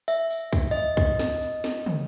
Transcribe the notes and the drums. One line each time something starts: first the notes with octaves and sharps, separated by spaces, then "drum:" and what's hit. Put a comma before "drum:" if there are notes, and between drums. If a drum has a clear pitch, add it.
E5, drum: tambourine
drum: tambourine
drum: kick C2, tambourine
D#5
drum: kick C2
drum: snare
drum: tambourine
drum: snare
drum: tom